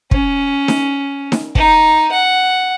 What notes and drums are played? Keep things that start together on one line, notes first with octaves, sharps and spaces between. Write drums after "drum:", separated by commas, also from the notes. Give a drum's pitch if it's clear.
C#4, drum: kick
drum: snare D#4
drum: snare D#4
D#4, drum: kick
F#5